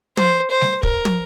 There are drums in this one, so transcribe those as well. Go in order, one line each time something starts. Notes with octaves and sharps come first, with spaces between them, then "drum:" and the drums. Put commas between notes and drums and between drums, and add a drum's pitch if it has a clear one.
C5, drum: tom
C5
drum: snare G3
A#4, drum: kick
drum: tom